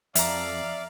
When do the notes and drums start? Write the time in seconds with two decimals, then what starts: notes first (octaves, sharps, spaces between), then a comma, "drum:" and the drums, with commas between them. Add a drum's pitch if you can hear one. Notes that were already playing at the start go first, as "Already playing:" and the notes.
0.15 F2 D5 E5 F5 A#5, drum: hi-hat